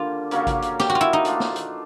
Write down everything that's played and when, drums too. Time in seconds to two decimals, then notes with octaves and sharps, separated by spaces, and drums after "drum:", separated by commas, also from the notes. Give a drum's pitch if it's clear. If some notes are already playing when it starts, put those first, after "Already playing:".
Already playing: D3 G3 A#3 F4
0.31 C#3 F#3 A#3 C#4, drum: hi-hat
0.47 drum: kick G#1, hi-hat
0.62 drum: hi-hat
0.80 G4, drum: snare
0.90 F#4
0.95 F4
1.01 E4
1.13 D#4
1.25 E3 A3 D4 F4, drum: hi-hat
1.40 drum: snare
1.56 drum: hi-hat